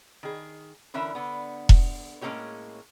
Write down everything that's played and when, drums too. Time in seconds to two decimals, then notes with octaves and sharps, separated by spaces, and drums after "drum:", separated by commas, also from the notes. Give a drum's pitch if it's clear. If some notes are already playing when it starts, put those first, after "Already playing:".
0.23 D#3 G#4
0.94 D3 E3 C#4 A#4 E5
1.15 D3 B3
1.69 drum: kick E1
2.21 A2 G#3 A#3 C#4 G4 C#5